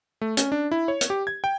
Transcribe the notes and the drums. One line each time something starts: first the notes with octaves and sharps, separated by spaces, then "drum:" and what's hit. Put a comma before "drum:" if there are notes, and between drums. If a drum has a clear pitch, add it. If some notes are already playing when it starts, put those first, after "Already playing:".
A3
C#4, drum: hi-hat
D4
E4
C#5
drum: hi-hat
G4
G#6
G5